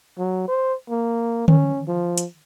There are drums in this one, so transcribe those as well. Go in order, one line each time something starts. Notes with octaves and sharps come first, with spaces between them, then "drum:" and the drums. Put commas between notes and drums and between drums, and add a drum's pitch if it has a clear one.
F#3
C5
A#3
C#4, drum: tom D3
F3
drum: hi-hat